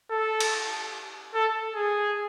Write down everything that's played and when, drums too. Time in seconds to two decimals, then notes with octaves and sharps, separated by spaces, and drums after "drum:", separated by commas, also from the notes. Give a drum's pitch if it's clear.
0.10 A4
0.40 drum: cymbal
1.34 A4
1.75 G#4